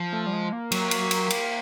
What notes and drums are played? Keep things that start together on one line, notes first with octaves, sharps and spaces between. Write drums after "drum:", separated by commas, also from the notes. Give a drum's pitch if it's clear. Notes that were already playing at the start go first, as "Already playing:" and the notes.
Already playing: F3
A3
G3
G#3
A#3
F#3, drum: cymbal
drum: cymbal
drum: cymbal
drum: cymbal